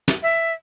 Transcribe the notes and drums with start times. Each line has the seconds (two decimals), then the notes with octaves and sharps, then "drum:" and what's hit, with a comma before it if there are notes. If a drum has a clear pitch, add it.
0.08 drum: snare
0.23 E5